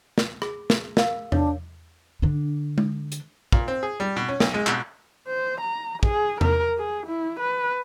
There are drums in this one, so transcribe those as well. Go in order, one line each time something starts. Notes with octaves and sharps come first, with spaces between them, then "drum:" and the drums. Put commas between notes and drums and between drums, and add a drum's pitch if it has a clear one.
drum: snare
G#4, drum: rim click
drum: snare
A#4 F5 E6, drum: snare
D4 C#5, drum: tom E2
D3 D4
drum: tom G#3
drum: hi-hat
A#2, drum: kick
C4
G#4
G3
B2
C#4
B1, drum: snare
G#3
B2, drum: clap
C5
A#5
G#4, drum: kick
A#4, drum: tom E2
G#4
E4
B4